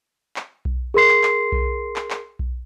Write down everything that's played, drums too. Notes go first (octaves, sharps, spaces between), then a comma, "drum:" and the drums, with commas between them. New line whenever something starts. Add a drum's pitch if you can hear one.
drum: clap
drum: kick B1
G#4 A#4 C6 C7
drum: clap
drum: clap
drum: kick B1
drum: clap
drum: clap
drum: kick B1